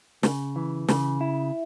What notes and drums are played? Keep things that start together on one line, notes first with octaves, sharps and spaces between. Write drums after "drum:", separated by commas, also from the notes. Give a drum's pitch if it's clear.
C#3, drum: snare
E3
C#3, drum: snare
E4